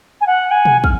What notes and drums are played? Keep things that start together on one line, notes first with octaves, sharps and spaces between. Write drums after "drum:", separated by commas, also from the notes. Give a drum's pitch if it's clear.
G#5
F#5
G#5
drum: tom B2
F6, drum: kick